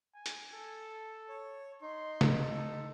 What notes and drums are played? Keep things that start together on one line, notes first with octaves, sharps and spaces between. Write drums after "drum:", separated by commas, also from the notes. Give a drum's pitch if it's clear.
G#5
drum: hi-hat
A4
C#5
D#4 C6
drum: snare
A4